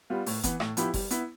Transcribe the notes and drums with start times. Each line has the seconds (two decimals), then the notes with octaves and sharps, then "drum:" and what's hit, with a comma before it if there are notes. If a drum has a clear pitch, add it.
0.10 G3 B3 F4
0.26 A2, drum: open hi-hat
0.43 E3 B3, drum: kick F#1, hi-hat
0.60 A2, drum: rim click
0.77 F3 B3 E4 G4, drum: hi-hat
0.94 G3, drum: kick F#1, open hi-hat
1.11 B3 E4, drum: hi-hat